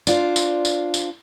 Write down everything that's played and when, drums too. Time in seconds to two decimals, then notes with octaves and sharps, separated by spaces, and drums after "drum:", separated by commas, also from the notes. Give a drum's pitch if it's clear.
0.07 D4 F4 C5, drum: tambourine
0.36 drum: tambourine
0.65 drum: tambourine
0.94 drum: tambourine